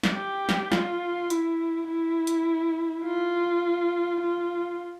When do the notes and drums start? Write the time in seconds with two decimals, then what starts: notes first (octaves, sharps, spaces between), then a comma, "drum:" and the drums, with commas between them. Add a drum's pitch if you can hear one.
0.03 drum: snare
0.14 G4
0.49 drum: snare
0.72 F4, drum: snare
1.30 E4, drum: hi-hat
1.88 E4
2.27 drum: hi-hat
3.05 F4
4.21 F4